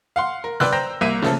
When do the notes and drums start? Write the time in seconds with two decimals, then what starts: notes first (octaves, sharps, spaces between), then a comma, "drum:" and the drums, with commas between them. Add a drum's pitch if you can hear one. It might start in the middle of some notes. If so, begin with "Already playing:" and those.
0.16 F5 F#5 C6
0.44 A#4
0.60 B4 D5 G5 C6 E6 F#6, drum: snare
0.72 C5 G5 A#5 A#6
1.01 C2 A#3 E5 D#7
1.22 C#3 F3 A3 A#3 A4, drum: snare